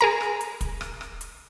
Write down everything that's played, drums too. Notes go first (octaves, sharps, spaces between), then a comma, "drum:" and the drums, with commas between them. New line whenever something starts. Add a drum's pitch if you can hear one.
G#4 A#4 A#5
drum: rim click
drum: hi-hat
drum: kick, hi-hat
drum: rim click
drum: rim click
drum: hi-hat